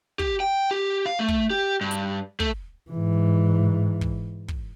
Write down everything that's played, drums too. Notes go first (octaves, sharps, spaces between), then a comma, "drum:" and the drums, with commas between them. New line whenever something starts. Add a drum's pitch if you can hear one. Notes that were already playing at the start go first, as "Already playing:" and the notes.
G4, drum: kick
G5
G4
F5
A3
drum: kick
G4
G2
drum: hi-hat
A3, drum: kick
G#2 E3
drum: kick
drum: kick